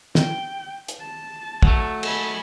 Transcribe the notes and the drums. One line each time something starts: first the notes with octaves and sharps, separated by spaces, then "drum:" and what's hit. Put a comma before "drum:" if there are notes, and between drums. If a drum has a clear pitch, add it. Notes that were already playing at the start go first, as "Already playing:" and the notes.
G5, drum: snare
drum: hi-hat
A5
F#3 A3, drum: kick
G#5 B5, drum: cymbal